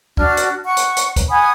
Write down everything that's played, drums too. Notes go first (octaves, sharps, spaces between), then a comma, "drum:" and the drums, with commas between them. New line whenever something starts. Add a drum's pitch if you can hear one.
D4 F#4 F6, drum: kick
drum: hi-hat
F#5 C#6
drum: hi-hat
drum: hi-hat
drum: kick, hi-hat
F#5 G#5 B5 D#6